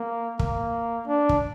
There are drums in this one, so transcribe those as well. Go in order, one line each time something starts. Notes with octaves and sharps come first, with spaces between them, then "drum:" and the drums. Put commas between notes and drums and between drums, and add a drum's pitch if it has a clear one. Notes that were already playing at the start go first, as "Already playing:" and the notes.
Already playing: A#3
A#3, drum: kick
D4
drum: kick